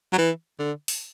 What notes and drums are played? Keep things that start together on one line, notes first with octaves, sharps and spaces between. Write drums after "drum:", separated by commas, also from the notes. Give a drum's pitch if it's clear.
F#3
E3
D3
drum: open hi-hat